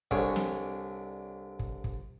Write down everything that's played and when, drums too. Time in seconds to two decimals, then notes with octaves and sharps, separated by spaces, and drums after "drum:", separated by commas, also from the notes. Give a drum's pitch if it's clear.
0.11 C2 D3 G#4 C#5 C#6, drum: kick
0.36 drum: snare
1.59 drum: kick
1.84 drum: kick